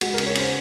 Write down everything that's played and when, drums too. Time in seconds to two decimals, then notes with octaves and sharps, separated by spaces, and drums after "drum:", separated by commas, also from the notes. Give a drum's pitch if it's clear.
0.01 G#3 F#4, drum: cymbal
0.14 A#4
0.18 C#3, drum: cymbal
0.26 C#5
0.35 C#3 C5, drum: cymbal